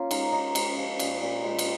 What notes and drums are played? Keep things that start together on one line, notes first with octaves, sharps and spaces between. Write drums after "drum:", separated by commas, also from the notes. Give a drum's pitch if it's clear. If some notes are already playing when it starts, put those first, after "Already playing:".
Already playing: A#3 C#4 F4
G#3 D#4, drum: cymbal
G#3 D#4
G#3, drum: cymbal
F3
A#2, drum: cymbal
A#2
G#3 F4
drum: cymbal